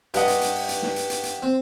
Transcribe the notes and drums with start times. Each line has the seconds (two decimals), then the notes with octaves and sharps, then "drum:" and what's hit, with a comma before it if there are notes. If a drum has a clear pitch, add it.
0.14 G2 G4 D#5 F#5, drum: hi-hat
0.28 drum: hi-hat
0.41 drum: hi-hat
0.55 drum: open hi-hat
0.69 drum: hi-hat
0.82 drum: snare
0.96 drum: hi-hat
1.10 drum: hi-hat
1.23 drum: hi-hat
1.42 C4